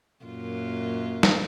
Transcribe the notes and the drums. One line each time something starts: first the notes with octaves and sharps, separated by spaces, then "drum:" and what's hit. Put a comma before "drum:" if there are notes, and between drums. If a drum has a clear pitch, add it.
F#2 A#2 F4
drum: snare